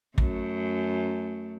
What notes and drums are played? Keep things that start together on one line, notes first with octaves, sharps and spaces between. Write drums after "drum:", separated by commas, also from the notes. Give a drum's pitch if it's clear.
F#2 A3, drum: kick